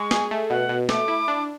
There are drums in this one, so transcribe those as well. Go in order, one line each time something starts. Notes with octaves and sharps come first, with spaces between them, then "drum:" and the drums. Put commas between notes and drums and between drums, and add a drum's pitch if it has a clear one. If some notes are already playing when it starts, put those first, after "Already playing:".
Already playing: G#3 C#6
G#4, drum: snare
A3
B2 F#5
B2
A3 D6, drum: snare
E4
D4